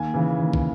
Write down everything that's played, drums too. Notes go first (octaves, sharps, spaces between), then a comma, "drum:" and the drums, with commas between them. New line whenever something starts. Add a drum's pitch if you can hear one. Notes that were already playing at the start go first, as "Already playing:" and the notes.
Already playing: D#2 G#5
C#3 E3
D#2
drum: kick